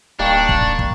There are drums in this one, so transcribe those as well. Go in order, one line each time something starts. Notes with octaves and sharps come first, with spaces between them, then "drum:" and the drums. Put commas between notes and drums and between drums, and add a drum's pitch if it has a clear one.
D1 G3 A#3 D4 D#4 C#6
drum: kick
drum: kick